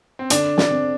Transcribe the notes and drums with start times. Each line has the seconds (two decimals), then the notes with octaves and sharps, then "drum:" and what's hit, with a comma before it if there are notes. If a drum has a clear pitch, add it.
0.19 C4
0.30 D3 D4, drum: hi-hat
0.58 D4, drum: snare
0.71 C4